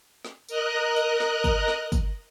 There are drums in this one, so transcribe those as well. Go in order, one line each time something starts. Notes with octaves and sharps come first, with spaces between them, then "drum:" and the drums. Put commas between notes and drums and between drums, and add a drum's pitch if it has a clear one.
drum: snare
A#4 D#5 F#6, drum: tambourine
drum: tambourine
drum: snare
drum: kick, tambourine
drum: snare
drum: kick, tambourine